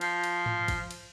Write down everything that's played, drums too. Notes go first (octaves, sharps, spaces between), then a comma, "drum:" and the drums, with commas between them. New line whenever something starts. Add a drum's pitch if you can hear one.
F3, drum: cymbal
drum: cymbal
drum: tom G#2
drum: kick, cymbal
drum: cymbal